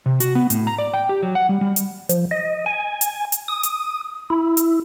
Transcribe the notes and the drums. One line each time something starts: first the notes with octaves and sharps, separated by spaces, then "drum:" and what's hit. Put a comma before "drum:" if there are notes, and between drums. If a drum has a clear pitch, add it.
C3
F#4, drum: hi-hat
B3
A2, drum: hi-hat
A#5
D5
G5
G4
F#3
F#5
G3
G3
drum: hi-hat
F3, drum: hi-hat
D#5
G#5
drum: hi-hat
drum: hi-hat
D#6
drum: hi-hat
E4
drum: hi-hat